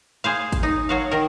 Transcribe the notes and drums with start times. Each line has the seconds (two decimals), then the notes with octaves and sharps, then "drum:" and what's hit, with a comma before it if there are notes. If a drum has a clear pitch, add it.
0.24 G#4 C5 F5
0.52 drum: kick G#1, hi-hat
0.63 D#4
0.89 F#3 F#4 F5
1.12 D#3 A#4